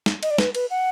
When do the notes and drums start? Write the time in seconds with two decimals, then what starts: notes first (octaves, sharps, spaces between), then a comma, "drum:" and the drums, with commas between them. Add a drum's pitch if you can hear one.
0.06 drum: snare
0.23 D#5, drum: cymbal
0.30 D5
0.38 B4, drum: snare
0.55 B4, drum: cymbal
0.70 F#5